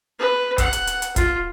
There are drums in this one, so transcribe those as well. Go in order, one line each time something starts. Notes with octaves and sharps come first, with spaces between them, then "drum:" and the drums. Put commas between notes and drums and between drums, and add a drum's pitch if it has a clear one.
B4
F#5, drum: kick, hi-hat
drum: hi-hat
drum: hi-hat
drum: hi-hat
F4, drum: kick, hi-hat